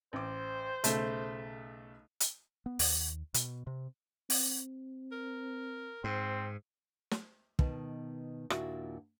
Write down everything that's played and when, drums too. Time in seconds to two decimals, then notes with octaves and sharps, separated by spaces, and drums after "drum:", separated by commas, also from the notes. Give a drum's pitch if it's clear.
0.13 A1 C5 D6
0.84 B1 C#3 A3 E7, drum: hi-hat
2.20 drum: hi-hat
2.66 B3
2.79 D#2, drum: open hi-hat
3.34 B2, drum: hi-hat
3.67 C3
4.30 C4, drum: open hi-hat
5.12 A#4
6.04 G#2 C4
7.11 drum: snare
7.59 B2 D#3 A5, drum: kick
8.50 D#2 A#2 D4 E4 F#4, drum: rim click